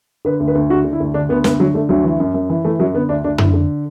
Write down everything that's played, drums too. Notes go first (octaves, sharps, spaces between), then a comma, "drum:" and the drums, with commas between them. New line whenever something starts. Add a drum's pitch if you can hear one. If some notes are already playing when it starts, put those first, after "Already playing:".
D3 B4
D2
B4
D2
D3 F#4
D3
E4
D2
D3 D4
D2 B3
D2 B3, drum: snare
D3 F#3
D3 A3
D2 F#3
E3
F#2
F#2
E3
E3 A3
F#2 F#3
D3 B3
D2 D4
D2 D4
D3 E4, drum: tom
D3